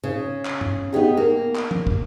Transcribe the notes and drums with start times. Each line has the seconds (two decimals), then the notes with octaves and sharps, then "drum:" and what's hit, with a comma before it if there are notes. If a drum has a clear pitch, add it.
0.04 C#3
0.45 drum: clap
0.61 drum: tom
0.93 B3 D#4 G4 G#4
1.17 A#3
1.55 drum: clap
1.71 drum: tom
1.87 drum: kick